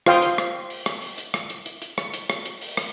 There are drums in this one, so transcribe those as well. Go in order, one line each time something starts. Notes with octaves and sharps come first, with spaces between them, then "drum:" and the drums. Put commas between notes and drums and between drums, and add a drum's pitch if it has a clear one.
F4 C5 F5 G5 C6 D#6, drum: rim click
drum: hi-hat
drum: rim click
drum: open hi-hat
drum: rim click
drum: open hi-hat
drum: hi-hat
drum: rim click
drum: hi-hat
drum: hi-hat
drum: hi-hat
drum: rim click
drum: hi-hat
drum: rim click
drum: hi-hat
drum: open hi-hat
drum: rim click